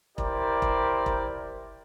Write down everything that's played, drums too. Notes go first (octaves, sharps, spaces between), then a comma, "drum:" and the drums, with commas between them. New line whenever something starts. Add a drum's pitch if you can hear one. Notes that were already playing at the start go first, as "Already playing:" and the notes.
E4 G4 A#4 C5 D5, drum: kick E1
drum: kick E1
drum: kick E1